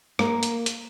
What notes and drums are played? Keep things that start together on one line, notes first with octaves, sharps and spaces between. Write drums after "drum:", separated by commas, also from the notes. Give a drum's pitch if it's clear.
A#3, drum: rim click
drum: hi-hat
drum: hi-hat